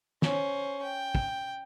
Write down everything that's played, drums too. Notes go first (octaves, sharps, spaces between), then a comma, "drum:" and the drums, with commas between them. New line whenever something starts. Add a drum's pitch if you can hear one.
C#4 C5, drum: snare
G5
drum: kick